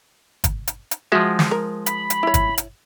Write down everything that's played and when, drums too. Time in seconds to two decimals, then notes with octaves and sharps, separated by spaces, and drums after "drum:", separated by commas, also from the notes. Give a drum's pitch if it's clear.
0.44 drum: kick, hi-hat
0.68 drum: hi-hat
0.91 drum: hi-hat
1.12 F3 G#3 F#4 E5 F#5
1.39 drum: snare
1.51 A#4
1.86 B5, drum: hi-hat
2.10 drum: hi-hat
2.23 E4 C#5
2.34 drum: kick, hi-hat
2.58 drum: hi-hat